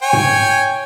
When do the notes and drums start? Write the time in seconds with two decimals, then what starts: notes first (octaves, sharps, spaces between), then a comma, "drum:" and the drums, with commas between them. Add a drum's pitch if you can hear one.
0.02 C#5 G5 G#5
0.13 drum: tom G#2